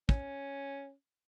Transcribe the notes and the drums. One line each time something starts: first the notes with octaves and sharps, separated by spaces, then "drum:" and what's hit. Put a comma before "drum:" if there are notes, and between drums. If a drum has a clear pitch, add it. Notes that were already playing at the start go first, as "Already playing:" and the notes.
C#4, drum: kick